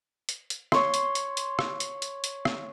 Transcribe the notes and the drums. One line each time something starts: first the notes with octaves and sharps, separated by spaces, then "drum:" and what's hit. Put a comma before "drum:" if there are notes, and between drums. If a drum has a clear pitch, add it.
drum: hi-hat
drum: hi-hat
C#5 C6, drum: rim click
drum: hi-hat
drum: hi-hat
drum: hi-hat
drum: rim click
drum: hi-hat
drum: hi-hat
drum: hi-hat
drum: rim click